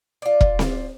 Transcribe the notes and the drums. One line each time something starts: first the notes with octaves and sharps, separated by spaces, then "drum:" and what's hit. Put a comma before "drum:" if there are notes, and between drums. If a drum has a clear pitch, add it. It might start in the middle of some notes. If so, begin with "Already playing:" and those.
F4 D5
drum: kick E1
drum: snare C4